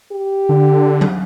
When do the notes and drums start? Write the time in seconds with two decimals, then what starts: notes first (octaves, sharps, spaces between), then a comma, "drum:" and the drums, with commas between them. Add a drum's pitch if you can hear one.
0.12 G4
0.49 D3
1.01 drum: tom F#3